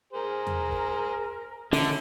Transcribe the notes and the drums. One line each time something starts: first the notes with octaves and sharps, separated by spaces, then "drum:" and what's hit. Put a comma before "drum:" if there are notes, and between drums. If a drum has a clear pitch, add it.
G#4 A#4 C5
drum: tom E2
drum: kick
D3 A3 C#4 D#4 E4, drum: open hi-hat